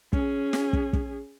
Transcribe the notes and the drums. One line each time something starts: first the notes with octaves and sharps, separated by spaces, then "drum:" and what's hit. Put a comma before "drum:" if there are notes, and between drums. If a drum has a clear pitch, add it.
C#4 G#4, drum: kick
drum: snare
drum: kick
drum: kick